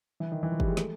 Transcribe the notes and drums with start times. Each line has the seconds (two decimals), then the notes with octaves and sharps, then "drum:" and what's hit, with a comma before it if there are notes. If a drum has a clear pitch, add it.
0.20 E3
0.32 D#3
0.43 E3
0.52 F3
0.60 G3, drum: kick
0.68 G#3
0.77 A3, drum: snare